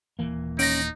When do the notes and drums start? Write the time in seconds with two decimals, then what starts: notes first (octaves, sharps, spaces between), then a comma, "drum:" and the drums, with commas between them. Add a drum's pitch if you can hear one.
0.19 D#1 E3 A#3
0.59 C#4 D#4 A#6 D7, drum: open hi-hat